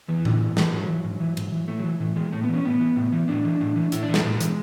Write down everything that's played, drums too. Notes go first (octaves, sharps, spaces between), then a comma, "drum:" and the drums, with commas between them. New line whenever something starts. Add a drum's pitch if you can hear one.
E2 E3
D3, drum: tom A2
G#2
E3, drum: snare
G#2 F#3
E3
G#2
E3
G#2, drum: cymbal
E3
A2 A3
E3 F#3
A2 E3
E3 G#3
A2 A3
B3
E3 C#4
A2 B3
E3
A2
E3
A2 D4
E3
A2
E3
A2 E4, drum: hi-hat
D4
E3
A3, drum: snare
A2 G#3
E3, drum: hi-hat